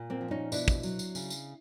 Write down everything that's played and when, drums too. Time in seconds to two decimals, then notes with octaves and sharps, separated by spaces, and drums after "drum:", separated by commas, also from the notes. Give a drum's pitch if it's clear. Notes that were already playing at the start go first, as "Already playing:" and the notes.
Already playing: A#2
0.10 A#3 C4
0.21 F3
0.31 C#4 D#4
0.52 B2 D4 E4, drum: tambourine
0.68 drum: kick, tambourine
0.83 F#3, drum: tambourine
0.99 drum: tambourine
1.15 C#3, drum: tambourine
1.30 drum: tambourine